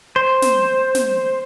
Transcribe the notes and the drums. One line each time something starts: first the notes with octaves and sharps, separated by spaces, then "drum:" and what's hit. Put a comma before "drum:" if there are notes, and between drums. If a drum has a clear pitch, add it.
C5
drum: snare
drum: snare